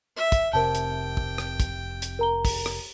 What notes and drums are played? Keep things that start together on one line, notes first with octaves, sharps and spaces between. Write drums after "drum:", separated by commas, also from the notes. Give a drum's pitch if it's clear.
E5
drum: kick, hi-hat
F1 C3 A#4 C5 G5 A5
drum: hi-hat
drum: kick
drum: rim click
drum: kick, hi-hat
drum: hi-hat
A#4 A#5 G7
drum: kick, open hi-hat
drum: rim click